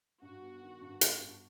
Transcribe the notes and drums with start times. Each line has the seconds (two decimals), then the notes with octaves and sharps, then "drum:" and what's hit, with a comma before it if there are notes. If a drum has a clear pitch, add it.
0.21 G2 F#4
0.41 B3
0.61 D#3
0.81 G2
1.01 B3, drum: hi-hat
1.21 G2